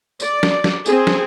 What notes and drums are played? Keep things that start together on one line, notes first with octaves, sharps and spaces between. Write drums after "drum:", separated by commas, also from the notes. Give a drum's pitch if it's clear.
D5, drum: tambourine
drum: snare
drum: snare
C4 G#4, drum: tambourine
drum: snare